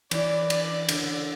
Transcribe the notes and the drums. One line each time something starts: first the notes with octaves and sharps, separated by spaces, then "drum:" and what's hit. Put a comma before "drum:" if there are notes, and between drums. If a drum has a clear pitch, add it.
E3 D5, drum: cymbal
D5, drum: cymbal
D3, drum: cymbal